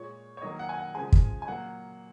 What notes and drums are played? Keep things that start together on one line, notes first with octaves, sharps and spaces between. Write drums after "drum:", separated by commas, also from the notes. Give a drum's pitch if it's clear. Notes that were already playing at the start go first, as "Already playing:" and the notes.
Already playing: A#2 G#3 C#5
C#5
D#3 F#3 A#3 D#5
F#5
G#5
F#5
C#3 F3 G#3 G#5
drum: kick
G#5
A#2 F#3 A#3 F#5